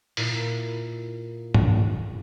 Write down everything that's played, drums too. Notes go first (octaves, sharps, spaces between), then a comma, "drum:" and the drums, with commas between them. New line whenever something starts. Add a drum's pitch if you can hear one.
A#2 E4, drum: open hi-hat
drum: tom G#2